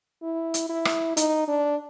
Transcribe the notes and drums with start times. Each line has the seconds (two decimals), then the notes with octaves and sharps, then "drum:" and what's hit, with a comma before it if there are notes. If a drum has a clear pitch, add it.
0.23 E4
0.54 drum: hi-hat
0.70 E4
0.85 drum: rim click
1.17 D#4, drum: hi-hat
1.48 D4